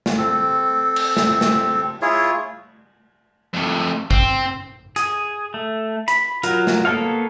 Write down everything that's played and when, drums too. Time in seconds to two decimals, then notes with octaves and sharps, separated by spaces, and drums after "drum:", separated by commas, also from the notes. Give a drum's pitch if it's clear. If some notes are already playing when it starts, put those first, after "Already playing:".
0.06 drum: snare
0.18 C4 A4
0.96 drum: cymbal
1.17 drum: snare
1.41 drum: snare
2.02 E4 F4 G#4 C#5
3.54 F2 A2
4.11 C4, drum: kick
4.96 G#4, drum: hi-hat
5.54 A3
6.08 B5, drum: hi-hat
6.43 F#3 F4 A#4, drum: hi-hat
6.67 drum: snare
6.85 A#3 B3 A4 C#5 F5